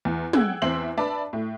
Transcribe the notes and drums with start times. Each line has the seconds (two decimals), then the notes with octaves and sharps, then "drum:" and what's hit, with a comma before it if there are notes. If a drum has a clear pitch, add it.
0.05 E2
0.33 G#4 F#5 G5 E6 F#6 G#6, drum: tom
0.62 E2 C4 C5 E5 C7 F#7
0.97 D4 B4 D5 E5 A5 B5
1.33 A2